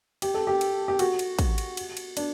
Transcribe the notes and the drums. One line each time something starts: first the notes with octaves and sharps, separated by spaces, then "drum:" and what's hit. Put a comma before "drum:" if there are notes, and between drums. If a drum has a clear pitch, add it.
G4, drum: cymbal
A4
G4
drum: cymbal
G4
F#4, drum: cymbal
drum: cymbal
drum: kick, cymbal
drum: cymbal
drum: cymbal
drum: cymbal
D4, drum: cymbal